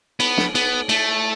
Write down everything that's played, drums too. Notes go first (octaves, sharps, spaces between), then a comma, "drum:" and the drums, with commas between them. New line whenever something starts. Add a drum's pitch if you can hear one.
B3, drum: cymbal
drum: snare
B3, drum: cymbal
A3, drum: cymbal